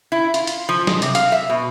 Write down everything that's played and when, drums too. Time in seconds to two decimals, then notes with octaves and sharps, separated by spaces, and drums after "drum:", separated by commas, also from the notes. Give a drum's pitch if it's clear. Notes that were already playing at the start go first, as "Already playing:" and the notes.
0.12 E4
0.34 F4, drum: hi-hat
0.47 drum: hi-hat
0.69 F3
0.87 G#3, drum: snare
1.02 C3, drum: hi-hat
1.15 F5, drum: hi-hat
1.32 E5
1.49 B2